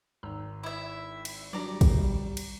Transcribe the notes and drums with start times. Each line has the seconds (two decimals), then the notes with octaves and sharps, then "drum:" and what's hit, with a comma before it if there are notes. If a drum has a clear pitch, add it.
0.23 G#1 A#5 E6
0.63 E4 E5
1.25 drum: cymbal
1.53 F#3 G3 D4 F#4 D5 A#5
1.81 drum: kick, cymbal
2.37 drum: cymbal